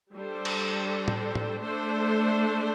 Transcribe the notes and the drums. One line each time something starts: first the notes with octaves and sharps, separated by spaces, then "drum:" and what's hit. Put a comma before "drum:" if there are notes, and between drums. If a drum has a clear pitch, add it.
G3 D4 A4 C5
drum: cymbal
drum: tom A2
drum: tom A2
A3 D4 A4 C5